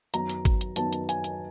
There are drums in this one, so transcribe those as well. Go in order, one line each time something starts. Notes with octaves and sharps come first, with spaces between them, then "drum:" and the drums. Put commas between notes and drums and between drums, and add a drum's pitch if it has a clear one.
F#2 D#3 F#3 B3 A#5, drum: hi-hat
drum: hi-hat
drum: kick G#1, hi-hat
drum: hi-hat
F#2 D#3 F#3 B3 A5, drum: hi-hat
drum: hi-hat
G#5, drum: hi-hat
drum: hi-hat